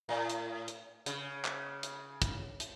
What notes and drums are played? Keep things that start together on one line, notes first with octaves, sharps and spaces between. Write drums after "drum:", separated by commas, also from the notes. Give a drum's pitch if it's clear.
A2
drum: hi-hat
drum: hi-hat
C#3, drum: hi-hat
drum: clap
drum: hi-hat
drum: kick, hi-hat
drum: hi-hat